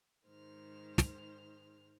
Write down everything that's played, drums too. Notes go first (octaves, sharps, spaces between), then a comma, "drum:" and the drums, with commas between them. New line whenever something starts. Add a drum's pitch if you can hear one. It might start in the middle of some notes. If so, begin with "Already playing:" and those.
G#2 D#3 G#3 C5 F6
drum: snare